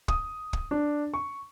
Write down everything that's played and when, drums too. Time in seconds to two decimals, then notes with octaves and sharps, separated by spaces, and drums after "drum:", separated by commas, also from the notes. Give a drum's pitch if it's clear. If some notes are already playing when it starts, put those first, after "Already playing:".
0.08 D#6, drum: kick
0.53 drum: kick
0.71 D4
1.14 C#6